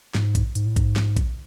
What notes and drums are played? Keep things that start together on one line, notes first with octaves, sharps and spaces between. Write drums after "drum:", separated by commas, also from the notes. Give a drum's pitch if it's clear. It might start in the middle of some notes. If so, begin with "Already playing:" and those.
G#2, drum: snare
drum: kick A#1, hi-hat
G#2, drum: hi-hat
A2
G#2, drum: kick A#1, hi-hat
drum: snare
drum: kick A#1, hi-hat